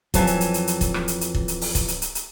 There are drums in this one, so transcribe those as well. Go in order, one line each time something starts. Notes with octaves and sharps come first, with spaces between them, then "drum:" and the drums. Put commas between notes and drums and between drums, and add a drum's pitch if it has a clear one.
F2 E3 F#3 G#5 A5, drum: kick, hi-hat
drum: hi-hat
drum: hi-hat
drum: hi-hat
drum: hi-hat
drum: kick, hi-hat
drum: rim click
drum: hi-hat
drum: hi-hat
drum: kick
drum: hi-hat
drum: open hi-hat
drum: kick, hi-hat
drum: hi-hat
drum: hi-hat
drum: hi-hat